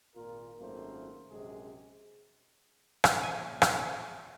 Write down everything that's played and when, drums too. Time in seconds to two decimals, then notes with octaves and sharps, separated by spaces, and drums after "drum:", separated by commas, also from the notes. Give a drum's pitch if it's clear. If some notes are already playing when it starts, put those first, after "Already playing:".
0.15 G#1 A#2 F4 A#4
0.60 G#1 F#2 A3 A#3 F4 C5
1.30 A#1 F#2 C3 G#3 G#4
3.04 drum: rim click
3.23 A#2 C#3 F3 E5 G#5
3.62 drum: rim click